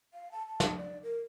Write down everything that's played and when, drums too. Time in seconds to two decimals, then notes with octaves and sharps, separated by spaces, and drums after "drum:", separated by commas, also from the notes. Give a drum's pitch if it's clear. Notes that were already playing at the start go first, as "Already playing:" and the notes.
0.14 F5
0.32 A5
0.47 A5
0.60 drum: snare
0.77 D5
1.03 A#4